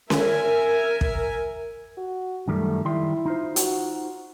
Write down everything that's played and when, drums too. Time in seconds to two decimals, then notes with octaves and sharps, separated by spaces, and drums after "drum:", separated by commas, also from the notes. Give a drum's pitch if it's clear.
0.10 A#4 E5 G#5, drum: snare C#4
1.01 drum: kick
1.97 F#4
2.48 F#2 D#3 G3 A3
2.85 D#3 G3 E4 C6
3.25 D#4 F4 C5
3.56 F#4, drum: hi-hat